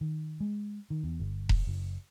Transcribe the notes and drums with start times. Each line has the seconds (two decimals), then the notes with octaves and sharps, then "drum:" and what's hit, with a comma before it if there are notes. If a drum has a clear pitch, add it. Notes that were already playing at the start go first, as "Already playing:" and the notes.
0.01 D#3
0.40 G#3
0.90 D#3
1.04 E2
1.20 G1
1.49 drum: kick E1
1.67 F#1